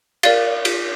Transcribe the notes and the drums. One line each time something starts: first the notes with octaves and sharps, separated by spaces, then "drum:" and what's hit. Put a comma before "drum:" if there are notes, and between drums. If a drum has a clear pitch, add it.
A#4 D5 F5 A6, drum: cymbal
drum: cymbal